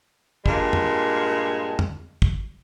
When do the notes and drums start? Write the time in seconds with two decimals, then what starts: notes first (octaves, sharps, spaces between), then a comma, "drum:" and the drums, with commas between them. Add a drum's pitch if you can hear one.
0.46 G2 A#2 G#3, drum: kick
0.73 drum: tom F2
1.79 drum: tom F2
2.22 drum: kick